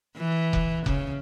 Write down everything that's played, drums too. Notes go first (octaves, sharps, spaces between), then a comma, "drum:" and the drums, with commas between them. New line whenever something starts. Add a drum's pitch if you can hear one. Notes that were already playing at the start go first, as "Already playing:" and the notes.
E3
drum: kick F1
C#3, drum: kick F1